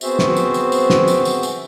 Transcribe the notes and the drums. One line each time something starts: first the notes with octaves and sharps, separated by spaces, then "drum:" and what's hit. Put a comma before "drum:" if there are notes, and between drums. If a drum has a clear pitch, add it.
B3 C4 F#4 G#4 C5 E5, drum: tambourine
drum: snare
drum: tambourine
drum: tambourine
drum: tambourine
drum: snare
drum: tambourine
drum: tambourine
drum: tambourine